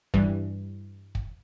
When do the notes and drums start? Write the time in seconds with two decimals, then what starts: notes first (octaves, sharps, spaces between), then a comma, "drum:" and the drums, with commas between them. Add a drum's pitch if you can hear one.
0.14 G2 E3 G3, drum: kick
1.15 drum: kick